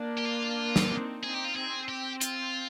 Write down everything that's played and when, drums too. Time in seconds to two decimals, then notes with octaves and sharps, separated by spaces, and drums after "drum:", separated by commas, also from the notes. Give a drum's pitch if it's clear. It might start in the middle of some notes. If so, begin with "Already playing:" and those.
Already playing: A#3 D4
0.18 G4
0.25 F4
0.76 drum: snare
0.91 C4 D#4
1.23 C4 D#4 G#4
1.34 G4
1.45 F4
1.56 C4 G#4
1.89 G4
2.21 F4, drum: hi-hat